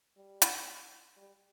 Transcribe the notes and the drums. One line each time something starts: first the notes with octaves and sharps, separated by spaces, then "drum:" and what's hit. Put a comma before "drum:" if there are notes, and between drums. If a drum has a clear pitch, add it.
G3
drum: hi-hat
G3